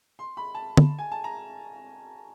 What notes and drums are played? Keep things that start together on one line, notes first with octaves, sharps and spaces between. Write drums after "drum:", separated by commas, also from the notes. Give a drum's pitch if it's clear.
C6
B5
A5
drum: tom
G#5
A5
A#5